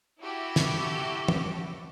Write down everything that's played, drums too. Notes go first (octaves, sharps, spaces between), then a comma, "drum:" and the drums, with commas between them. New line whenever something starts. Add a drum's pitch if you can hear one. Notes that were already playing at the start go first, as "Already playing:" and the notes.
E4 F#4 G4 A4
drum: snare
drum: tom